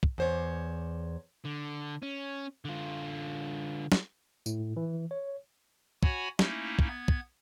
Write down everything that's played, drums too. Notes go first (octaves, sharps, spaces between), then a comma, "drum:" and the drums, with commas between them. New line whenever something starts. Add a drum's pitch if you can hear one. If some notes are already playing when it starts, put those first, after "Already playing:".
drum: kick
E2 C5 C#5
D3
C#4
D3 F4
drum: snare
A2, drum: tambourine
E3
C#5
F#4 C#5 F#5 G#5 B5, drum: kick
A3 A#3 C#4 D#4 E4, drum: snare
drum: kick
B3 G#6
drum: kick